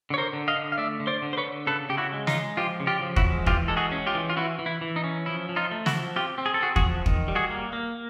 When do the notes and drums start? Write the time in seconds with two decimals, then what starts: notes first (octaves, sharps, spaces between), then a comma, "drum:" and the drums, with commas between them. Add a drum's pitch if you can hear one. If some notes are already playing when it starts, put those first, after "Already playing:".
0.10 D3 C#5
0.18 A#4 C5
0.33 D3
0.48 D#5 F5
0.56 D3
0.72 F5
0.78 A3 D5 E5
1.00 D3
1.07 C5 D5
1.22 D3
1.33 C5
1.37 B4 C#5
1.45 D3
1.67 C#3 A4 B4
1.89 C#3 G4
1.97 E4 F#4
2.13 G#3
2.27 D#4 F4, drum: snare
2.35 G#3
2.57 F3 F4 G4
2.80 C#3
2.87 F4 G4
3.02 F3
3.16 E4 F#4, drum: kick
3.24 G#3
3.46 E3 F4 G4, drum: kick
3.68 G#3 A4
3.77 F#4 G#4
3.92 C#4
4.07 F4 G4
4.15 E3
4.30 F4
4.37 E3 E4 F#4
4.59 E3
4.66 E4
4.81 E3
4.96 D#4
5.04 C#4
5.26 F3 E4
5.49 F3
5.56 D#4 F4
5.71 A3
5.86 E4 F#4, drum: snare
5.93 F3
6.16 C4 F4 G4
6.38 C4
6.46 G#4
6.54 A4
6.61 C4 F#4 G#4
6.76 F#4 G#4, drum: kick
6.83 F3
7.06 D#3, drum: kick
7.28 G3
7.35 F#4 G#4
7.50 A#3
7.73 A#3